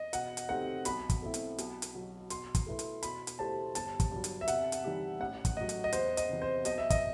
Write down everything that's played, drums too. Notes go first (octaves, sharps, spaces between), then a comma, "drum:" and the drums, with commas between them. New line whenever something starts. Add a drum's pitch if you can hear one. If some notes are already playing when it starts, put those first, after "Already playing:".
Already playing: D#5
B2 F#5, drum: hi-hat
drum: hi-hat
A3 C4 D#4 G4 F#5
B1 B5, drum: hi-hat
drum: kick, hi-hat
B2 A3 C4 E4
drum: hi-hat
B1, drum: hi-hat
drum: hi-hat
B2 F#3
B2 C6, drum: hi-hat
drum: kick, hi-hat
A3 E4 B4
drum: hi-hat
B2 B5, drum: hi-hat
drum: hi-hat
A3 E4 G4 C5 A5
G1 A5, drum: hi-hat
drum: kick, hi-hat
G2 F#3
drum: hi-hat
E5
C3 F#5, drum: hi-hat
drum: hi-hat
E3 G3 D#4 G4
A1 F#5
drum: kick, hi-hat
A2 F#3 D#5
drum: hi-hat
D#5
E2 C5, drum: hi-hat
D#5, drum: hi-hat
C3 E3
C5
B1 D#5, drum: hi-hat
E5
D#5, drum: kick, hi-hat